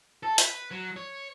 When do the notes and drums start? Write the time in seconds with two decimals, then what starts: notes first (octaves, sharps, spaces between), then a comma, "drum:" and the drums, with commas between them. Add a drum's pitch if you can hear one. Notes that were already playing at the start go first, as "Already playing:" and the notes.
0.23 A4
0.38 B4, drum: hi-hat
0.71 F#3
0.96 C#5